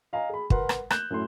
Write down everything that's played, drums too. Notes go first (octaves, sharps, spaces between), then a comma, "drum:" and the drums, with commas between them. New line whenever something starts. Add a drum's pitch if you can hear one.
D#5 F5 G#5 A#5
G#4 B5
A#4 B4 F#5 C6, drum: kick
drum: rim click
F#6 G6 E7, drum: rim click
F#2 A2 C6